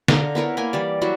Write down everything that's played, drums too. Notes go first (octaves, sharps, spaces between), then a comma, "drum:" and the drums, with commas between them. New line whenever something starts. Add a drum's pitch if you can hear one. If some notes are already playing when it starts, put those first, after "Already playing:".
D3 F5 A#5, drum: snare
B3 E4 A#4 C#5
A#3 A#4 G#5
E3 G3 D5
F#3 G3 E4 F#4